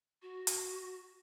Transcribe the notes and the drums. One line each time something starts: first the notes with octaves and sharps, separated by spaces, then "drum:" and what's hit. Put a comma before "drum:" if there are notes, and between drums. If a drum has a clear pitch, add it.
F#4
drum: hi-hat